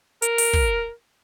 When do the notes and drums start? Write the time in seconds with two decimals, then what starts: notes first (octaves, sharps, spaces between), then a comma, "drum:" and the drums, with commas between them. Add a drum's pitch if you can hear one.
0.22 A#4, drum: hi-hat
0.38 drum: open hi-hat
0.53 drum: kick